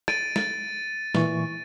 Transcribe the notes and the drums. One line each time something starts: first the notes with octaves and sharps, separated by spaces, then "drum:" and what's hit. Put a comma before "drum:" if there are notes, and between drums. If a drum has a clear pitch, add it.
A6 D7 D#7, drum: rim click
A6, drum: snare
A#2 E3 C#6, drum: snare